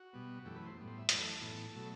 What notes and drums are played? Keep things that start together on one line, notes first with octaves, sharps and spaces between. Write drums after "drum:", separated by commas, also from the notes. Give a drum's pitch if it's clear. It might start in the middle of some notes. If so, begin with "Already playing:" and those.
Already playing: F#4
B2 G3 B3
F#2 E3 A3 G4
B4
C5
A2 G3 B3
C5
E5
F#2 E3 A3 B4, drum: hi-hat
A4
A2 E3 B3
B2 F#3 A3 A4